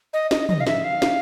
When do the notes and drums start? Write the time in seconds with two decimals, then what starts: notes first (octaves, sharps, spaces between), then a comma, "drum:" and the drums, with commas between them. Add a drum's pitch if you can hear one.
0.13 D#5
0.31 D#5, drum: snare
0.49 D#5, drum: tom
0.60 F5
0.67 E5, drum: snare
0.84 F5
1.02 drum: snare